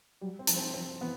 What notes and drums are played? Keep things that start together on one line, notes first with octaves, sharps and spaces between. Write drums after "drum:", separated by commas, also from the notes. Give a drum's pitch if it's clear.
F#3 G3
C4
F3, drum: hi-hat
C4
F3 C4
E3 B3